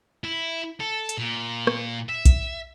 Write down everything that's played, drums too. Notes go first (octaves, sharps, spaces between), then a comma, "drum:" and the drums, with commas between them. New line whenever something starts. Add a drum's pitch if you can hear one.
E4
A4
drum: hi-hat
A#2
drum: rim click
E5
drum: kick, hi-hat